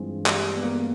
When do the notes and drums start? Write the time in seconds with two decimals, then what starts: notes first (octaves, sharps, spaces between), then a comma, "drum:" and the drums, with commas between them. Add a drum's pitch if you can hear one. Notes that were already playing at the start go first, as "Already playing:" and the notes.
Already playing: G2 E3 G#3 C4 F4
0.26 G3, drum: clap
0.55 B3
0.62 A#3
0.70 B3